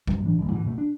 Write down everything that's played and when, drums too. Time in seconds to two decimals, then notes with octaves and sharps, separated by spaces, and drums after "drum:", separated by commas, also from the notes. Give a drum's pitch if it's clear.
0.07 G2 F#3 G#3, drum: kick
0.24 A2 E3 F#3 D4
0.38 G1 D#2
0.52 G#2 B2 D3 E3
0.66 B2 A3
0.78 D4